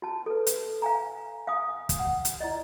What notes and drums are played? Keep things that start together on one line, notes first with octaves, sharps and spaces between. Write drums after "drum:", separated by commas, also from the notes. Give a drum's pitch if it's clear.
F#4 A5
A4 B4
drum: hi-hat
F5 G#5 A#5
F5 G#5 D#6
drum: kick, hi-hat
F#5
drum: hi-hat
E4 D5 D#5